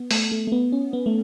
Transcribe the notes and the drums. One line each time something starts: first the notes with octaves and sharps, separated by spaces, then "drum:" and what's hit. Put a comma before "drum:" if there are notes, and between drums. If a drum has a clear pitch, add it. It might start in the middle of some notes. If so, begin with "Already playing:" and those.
Already playing: B3
A3, drum: open hi-hat
A3
A3
B3
C#4
B3
A3